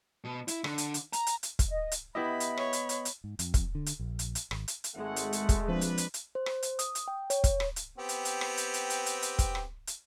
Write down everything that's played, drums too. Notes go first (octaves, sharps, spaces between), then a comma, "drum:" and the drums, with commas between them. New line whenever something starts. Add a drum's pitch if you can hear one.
B2
E4, drum: hi-hat
D3, drum: rim click
drum: hi-hat
drum: hi-hat
A#5, drum: hi-hat
drum: hi-hat
drum: hi-hat
drum: kick, hi-hat
D#5
drum: hi-hat
B3 E4 G4 D#5 E5 B5
drum: hi-hat
C#5, drum: rim click
drum: hi-hat
drum: hi-hat
drum: hi-hat
G#2
F2, drum: hi-hat
drum: kick, hi-hat
D3
drum: hi-hat
A#1
drum: hi-hat
drum: hi-hat
G#1, drum: rim click
drum: hi-hat
drum: hi-hat
G#1 G#3 A3 F#5
drum: hi-hat
drum: hi-hat
drum: kick, hi-hat
F3 C4 D4 B4
drum: hi-hat
drum: hi-hat
drum: hi-hat
C5
drum: rim click
drum: hi-hat
D#6, drum: hi-hat
drum: hi-hat
G5
C#5, drum: hi-hat
drum: kick, hi-hat
drum: rim click
drum: hi-hat
B3 C4 G4
drum: hi-hat
drum: hi-hat
drum: rim click
drum: hi-hat
drum: hi-hat
drum: hi-hat
drum: hi-hat
drum: hi-hat
drum: kick, hi-hat
drum: rim click
drum: hi-hat